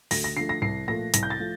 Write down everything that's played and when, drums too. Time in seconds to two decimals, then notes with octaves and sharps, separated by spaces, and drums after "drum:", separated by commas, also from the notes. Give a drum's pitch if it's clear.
0.11 D2 A#6, drum: open hi-hat
0.24 A#6
0.36 D3 F3 A3 C7
0.49 A#6
0.62 C2 C7
0.88 A#2 F3 A3 A#6
1.14 C2 A#6, drum: hi-hat
1.23 G6
1.30 A6
1.39 F3 A3